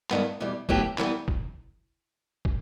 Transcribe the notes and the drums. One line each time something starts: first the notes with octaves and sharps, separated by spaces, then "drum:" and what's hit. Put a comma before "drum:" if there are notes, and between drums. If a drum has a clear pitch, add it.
G2 D#3 G#3 B3, drum: clap
E2 B2 G3
A2 F#3 B3 E4 G4, drum: kick
E3 G3 B3, drum: clap
drum: kick
drum: kick